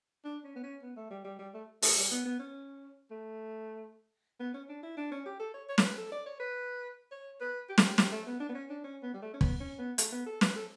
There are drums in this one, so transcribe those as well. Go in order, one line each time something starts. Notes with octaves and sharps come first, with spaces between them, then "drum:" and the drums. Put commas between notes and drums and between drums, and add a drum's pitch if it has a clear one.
D4
C#4
B3
C#4
B3
A3
G3
G3
G3
A3
A3, drum: open hi-hat
G3
B3
B3
C#4
A3
B3
C#4
D4
E4
D4
C#4
G4
A4
C#5
C#5
A4, drum: snare
B4
A4
D5
C#5
B4
C#5
B4
G4
A4, drum: snare
G4
G4, drum: snare
A3
B3
D4
B3
C#4
D4
C#4
B3
G3
A3
C#4
B3, drum: kick
C#4
B3
A3, drum: hi-hat
B3
A4
B4, drum: snare
A4